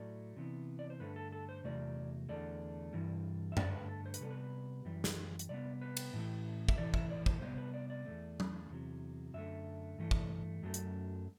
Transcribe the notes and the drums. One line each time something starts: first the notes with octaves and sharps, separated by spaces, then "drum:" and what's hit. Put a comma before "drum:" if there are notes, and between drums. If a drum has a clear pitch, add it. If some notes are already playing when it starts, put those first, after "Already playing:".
Already playing: A2 F#3 A3 D5
C3 E3 B3
D5
C5
G2 D3 A3 B4
A4
A4
C5
E2 C3 F#3 A3 D5
E2 D3 A3 D5
G2 E3 G3
E5
G2 D3 A3 D5, drum: tom F#2
B4
A4
C5
B4, drum: hi-hat
C3 G3 B3 A4
B4
F#2 E3 G3
drum: snare
drum: hi-hat
C3 G3 B3 D5
B4
drum: cymbal
A2 E3 A3
E5, drum: kick
A2 E3 A3 D5
E5, drum: kick
D5
C5, drum: kick
C3 G3 B3 C5
B4
D5
D5
E2 B2 A3
drum: tom
E2 C3 F#3
F#2 D3 A3 E5
G2 E3 A3
drum: kick
F#2 F#3 A3
drum: hi-hat